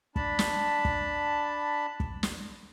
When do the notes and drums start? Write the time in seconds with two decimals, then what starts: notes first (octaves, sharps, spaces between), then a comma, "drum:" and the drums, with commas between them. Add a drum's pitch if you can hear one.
0.16 D4 A5 B5, drum: kick
0.39 drum: snare
0.85 drum: kick
2.00 drum: kick
2.23 drum: snare